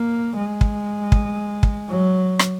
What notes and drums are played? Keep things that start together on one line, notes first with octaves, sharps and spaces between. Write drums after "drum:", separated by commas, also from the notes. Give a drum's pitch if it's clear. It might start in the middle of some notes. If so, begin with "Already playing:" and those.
Already playing: A#3
G#3
drum: kick
drum: kick
drum: kick
F#3
drum: rim click